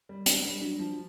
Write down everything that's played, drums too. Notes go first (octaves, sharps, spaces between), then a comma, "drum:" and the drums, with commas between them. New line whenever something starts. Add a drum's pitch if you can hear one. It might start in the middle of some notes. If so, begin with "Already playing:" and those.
G3
G#3 D4, drum: hi-hat
G3
F#3 D4
F3